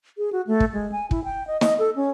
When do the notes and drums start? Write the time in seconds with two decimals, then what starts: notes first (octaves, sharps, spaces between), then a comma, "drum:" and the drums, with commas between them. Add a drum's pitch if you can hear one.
0.18 G#4
0.33 F#4
0.47 A3
0.60 drum: kick
0.73 G#3
0.92 G#5
1.11 E4, drum: kick
1.24 G5
1.47 D#5
1.61 D#5, drum: snare
1.79 A4
1.96 C#4